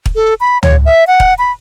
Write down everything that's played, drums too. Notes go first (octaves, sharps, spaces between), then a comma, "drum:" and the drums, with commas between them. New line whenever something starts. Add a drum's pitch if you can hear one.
drum: kick
A4
B5
C#5, drum: tom
E5
F#5
drum: kick
B5